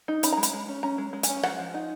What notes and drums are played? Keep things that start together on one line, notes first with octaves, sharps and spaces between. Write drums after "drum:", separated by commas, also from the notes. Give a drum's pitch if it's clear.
D#4
C#4 B5, drum: hi-hat
A#5
G#3
B5, drum: hi-hat
G#3
C#4
C#4 A#5
G#3
G#3
G#5, drum: hi-hat
C#4
F3 F#5, drum: rim click
F3
D#4